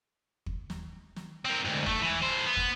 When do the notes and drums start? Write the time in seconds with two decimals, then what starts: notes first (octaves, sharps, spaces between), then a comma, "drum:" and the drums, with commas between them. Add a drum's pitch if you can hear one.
0.46 drum: kick
0.70 drum: snare
1.16 drum: snare
1.45 C4 A#4
1.65 D2 G#2
1.86 A3, drum: kick
2.02 E3
2.22 A2 C5
2.46 B3
2.57 drum: kick